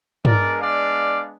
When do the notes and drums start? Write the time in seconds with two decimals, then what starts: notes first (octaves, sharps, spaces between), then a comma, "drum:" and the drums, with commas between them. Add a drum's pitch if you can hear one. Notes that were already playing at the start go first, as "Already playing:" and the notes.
0.25 G#3 B3 D4 A#4 D5, drum: tom G2
0.60 D5 F5